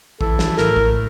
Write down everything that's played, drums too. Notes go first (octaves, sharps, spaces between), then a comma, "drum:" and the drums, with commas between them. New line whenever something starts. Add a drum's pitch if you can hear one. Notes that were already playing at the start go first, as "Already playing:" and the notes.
E3 A4, drum: kick A#1
drum: snare
A2 A#4, drum: snare
drum: kick A#1